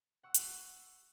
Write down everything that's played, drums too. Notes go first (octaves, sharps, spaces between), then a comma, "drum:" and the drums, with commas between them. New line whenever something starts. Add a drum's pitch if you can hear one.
F#5 C#6 E6
drum: hi-hat